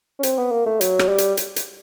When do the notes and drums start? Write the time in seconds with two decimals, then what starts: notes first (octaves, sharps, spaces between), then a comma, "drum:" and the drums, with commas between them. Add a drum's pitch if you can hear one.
0.19 C#4
0.23 C4, drum: hi-hat
0.38 B3
0.51 A#3
0.66 A3
0.81 F#3, drum: hi-hat
0.99 drum: rim click
1.09 G3
1.18 drum: hi-hat
1.37 drum: hi-hat
1.56 drum: hi-hat